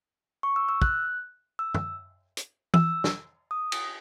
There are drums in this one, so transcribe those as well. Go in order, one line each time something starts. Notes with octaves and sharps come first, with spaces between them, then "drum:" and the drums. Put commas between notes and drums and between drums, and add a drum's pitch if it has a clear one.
C#6
E6
E6
F#6, drum: kick
E6
drum: tom
drum: hi-hat
E6, drum: tom E3
drum: snare
D#6
drum: cymbal